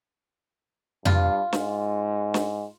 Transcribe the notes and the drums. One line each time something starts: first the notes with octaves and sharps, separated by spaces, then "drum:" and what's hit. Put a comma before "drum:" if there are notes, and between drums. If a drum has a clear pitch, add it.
G2 F4, drum: tom F2
G#2, drum: snare
drum: snare